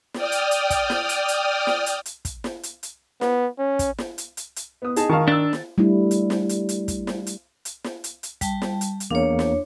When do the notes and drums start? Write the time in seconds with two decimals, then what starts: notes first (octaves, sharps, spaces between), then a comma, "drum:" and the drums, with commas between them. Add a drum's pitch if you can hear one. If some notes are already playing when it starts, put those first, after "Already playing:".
0.14 D5 G5 D#6 F6, drum: snare
0.32 drum: hi-hat
0.51 drum: hi-hat
0.70 drum: kick, hi-hat
0.90 drum: snare
1.09 drum: hi-hat
1.28 drum: hi-hat
1.67 drum: snare
1.86 drum: hi-hat
2.06 drum: hi-hat
2.25 drum: kick, hi-hat
2.44 drum: snare
2.63 drum: hi-hat
2.83 drum: hi-hat
3.21 B3, drum: snare
3.59 C#4
3.79 drum: kick, hi-hat
3.98 drum: snare
4.18 drum: hi-hat
4.37 drum: hi-hat
4.56 drum: hi-hat
4.82 B3 D#6
4.96 D#4 G#4 A5, drum: hi-hat
5.09 D#3 F5 A5 C#6
5.28 D4 E6 A6
5.53 drum: snare
5.78 G3 A3 D4 E4
6.11 drum: hi-hat
6.30 drum: snare
6.49 drum: hi-hat
6.69 drum: hi-hat
6.88 drum: kick, hi-hat
7.07 drum: snare
7.27 drum: hi-hat
7.65 drum: hi-hat
7.84 drum: snare
8.04 drum: hi-hat
8.23 drum: hi-hat
8.41 G3 G5 A5, drum: kick, hi-hat
8.62 drum: snare
8.81 drum: hi-hat
9.00 drum: hi-hat
9.11 E2 A#3 D4 C#5
9.39 drum: snare